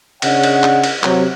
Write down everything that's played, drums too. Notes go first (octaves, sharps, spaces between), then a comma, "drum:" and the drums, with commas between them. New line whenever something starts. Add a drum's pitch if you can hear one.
C#3 D4 C#5 D#5 F#5, drum: cymbal
drum: cymbal
drum: clap
drum: cymbal
C3 F#3, drum: clap